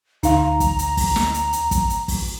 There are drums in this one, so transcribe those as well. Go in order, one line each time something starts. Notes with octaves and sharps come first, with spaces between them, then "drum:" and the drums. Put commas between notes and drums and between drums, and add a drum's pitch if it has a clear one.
D2 D#4 F5 A#5 C6, drum: hi-hat
drum: kick, hi-hat
drum: hi-hat
drum: kick, open hi-hat
drum: snare
drum: hi-hat
drum: hi-hat
drum: kick, hi-hat
drum: hi-hat
drum: kick, open hi-hat